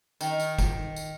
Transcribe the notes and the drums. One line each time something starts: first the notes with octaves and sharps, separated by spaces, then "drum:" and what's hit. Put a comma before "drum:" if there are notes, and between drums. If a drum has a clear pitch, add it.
D#3, drum: tambourine
drum: tambourine
drum: kick, tambourine
drum: tambourine